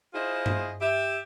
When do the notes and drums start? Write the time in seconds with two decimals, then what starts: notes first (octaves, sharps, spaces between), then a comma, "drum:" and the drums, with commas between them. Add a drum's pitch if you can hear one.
0.13 E4 F4 G#4 C5 D#5
0.46 drum: tom G2
0.81 G4 E5